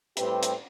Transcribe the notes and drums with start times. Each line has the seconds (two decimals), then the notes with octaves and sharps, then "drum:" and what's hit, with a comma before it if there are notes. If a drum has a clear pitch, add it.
0.17 A2 G3 C4 G4 B4, drum: hi-hat
0.43 drum: hi-hat